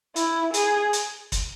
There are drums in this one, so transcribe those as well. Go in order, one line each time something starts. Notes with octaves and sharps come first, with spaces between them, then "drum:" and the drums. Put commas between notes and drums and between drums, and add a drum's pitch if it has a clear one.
E4, drum: hi-hat
G#4, drum: hi-hat
drum: hi-hat
drum: kick, hi-hat